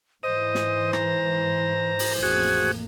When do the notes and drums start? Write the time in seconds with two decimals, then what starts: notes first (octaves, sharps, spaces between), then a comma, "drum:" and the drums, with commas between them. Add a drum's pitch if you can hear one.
0.23 G#2 E3 C5 D#5
0.55 drum: snare
0.93 A#5, drum: rim click
1.99 drum: open hi-hat
2.23 A1 F2 A#3 F#4 G#4